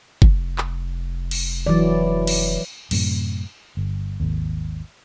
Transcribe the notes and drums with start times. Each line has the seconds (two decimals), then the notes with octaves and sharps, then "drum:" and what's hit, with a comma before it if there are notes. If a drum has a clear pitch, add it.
0.22 F1, drum: kick F#1
0.58 drum: clap
1.31 drum: cymbal
1.66 E3 F#3 D5
2.27 drum: cymbal
2.91 F#2 A2 C3, drum: cymbal
3.77 G1
4.20 G#1 D#2